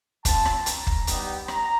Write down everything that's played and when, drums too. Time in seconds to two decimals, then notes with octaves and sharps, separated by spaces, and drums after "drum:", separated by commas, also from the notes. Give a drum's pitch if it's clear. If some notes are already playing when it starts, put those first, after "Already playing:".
0.25 C4 F4 A5, drum: kick, hi-hat
0.45 drum: rim click
0.66 A#5, drum: hi-hat
0.87 drum: kick
1.07 G3 B3 D#4 G4, drum: hi-hat
1.48 A#5, drum: rim click